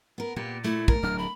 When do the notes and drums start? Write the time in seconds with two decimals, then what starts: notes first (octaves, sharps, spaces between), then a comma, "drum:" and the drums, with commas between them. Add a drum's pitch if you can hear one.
0.18 B3 A#4
0.36 A#2 A#3 B3 G4
0.64 A3 E4
0.88 A#4, drum: kick
1.03 D1 F#3 D4 F6
1.18 B5